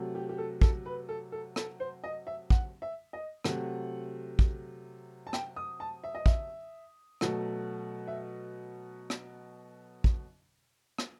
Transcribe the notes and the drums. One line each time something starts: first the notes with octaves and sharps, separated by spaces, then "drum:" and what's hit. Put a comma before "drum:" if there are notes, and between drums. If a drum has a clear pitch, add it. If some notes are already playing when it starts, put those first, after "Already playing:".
Already playing: C3 F#3 A3
G4
G4
A4
A4, drum: kick
B4
A4
A4
A4, drum: rim click
C5
D#5
E5
F#5, drum: kick
E5
D#5
C3 F#3 A3 F#5, drum: rim click
drum: kick
A5
G5, drum: rim click
D#6
A5
E5
D#5
E5, drum: kick
B2 F#3 A3, drum: rim click
E5
drum: rim click
drum: kick
drum: rim click